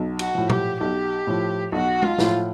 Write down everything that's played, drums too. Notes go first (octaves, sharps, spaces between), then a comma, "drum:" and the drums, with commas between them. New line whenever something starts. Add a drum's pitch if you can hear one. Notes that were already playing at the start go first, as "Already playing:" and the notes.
Already playing: B1
F#4, drum: cymbal
A2 F3
G4, drum: tom
B1 G4
A2 F3
B1 F#4
F4, drum: tom
A2 F3, drum: snare